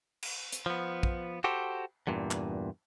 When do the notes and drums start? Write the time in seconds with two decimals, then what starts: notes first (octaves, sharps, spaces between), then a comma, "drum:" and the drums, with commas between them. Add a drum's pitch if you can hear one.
0.22 drum: cymbal
0.52 drum: hi-hat
0.66 F3 B3
1.03 drum: kick
1.44 F#4 G4 A4 C5
2.07 E2 G2 A#2
2.31 drum: clap